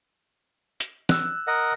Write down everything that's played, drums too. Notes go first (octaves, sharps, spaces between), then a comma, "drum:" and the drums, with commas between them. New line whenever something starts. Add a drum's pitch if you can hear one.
drum: hi-hat
E6 F#6, drum: snare
A#4 D#5 F#5